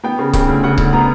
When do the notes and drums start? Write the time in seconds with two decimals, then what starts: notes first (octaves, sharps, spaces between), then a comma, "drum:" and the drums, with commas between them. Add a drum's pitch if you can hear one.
0.04 B3 G5
0.19 C#3
0.33 C#3 G5, drum: kick C#1, hi-hat
0.48 D2
0.64 C#3 F#5
0.78 D2, drum: kick C#1
0.93 B3 A#5